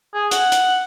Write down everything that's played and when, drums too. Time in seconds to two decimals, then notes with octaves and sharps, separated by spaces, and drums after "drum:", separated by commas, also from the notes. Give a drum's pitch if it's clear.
0.14 G#4
0.31 F#5, drum: hi-hat
0.52 drum: hi-hat